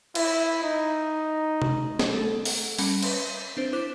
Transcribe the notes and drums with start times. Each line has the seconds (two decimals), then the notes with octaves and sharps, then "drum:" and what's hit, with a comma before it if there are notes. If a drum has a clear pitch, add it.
0.15 E4, drum: cymbal
0.64 D#4
1.62 drum: tom C3
1.99 drum: snare
2.13 A3 A4
2.45 drum: open hi-hat
2.78 G3 C#4 A5 B5 A#6 C#7, drum: open hi-hat
3.03 B4 C6, drum: cymbal
3.57 C4 D4 C5
3.73 E4 C5 D6 F#6 B6 E7